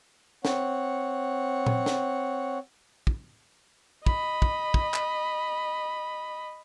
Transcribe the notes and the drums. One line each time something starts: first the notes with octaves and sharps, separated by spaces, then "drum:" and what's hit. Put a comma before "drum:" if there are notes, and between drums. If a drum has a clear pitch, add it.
C4 C#5 F#5, drum: snare
drum: tom A#2
drum: snare
drum: kick
D#5 B5, drum: kick
drum: kick
drum: kick
drum: clap